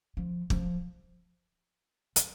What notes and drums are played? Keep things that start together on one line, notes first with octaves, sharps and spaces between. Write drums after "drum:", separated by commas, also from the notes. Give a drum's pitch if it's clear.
F3
F3, drum: kick
F3, drum: hi-hat